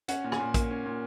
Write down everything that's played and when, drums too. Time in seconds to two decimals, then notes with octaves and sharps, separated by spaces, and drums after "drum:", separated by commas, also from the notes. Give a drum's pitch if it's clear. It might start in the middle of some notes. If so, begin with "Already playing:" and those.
0.08 C#4 F#5, drum: hi-hat
0.24 A#2
0.32 G#5, drum: rim click
0.40 A#2
0.54 A#3, drum: kick A#1, hi-hat
0.71 C#4
0.86 A#2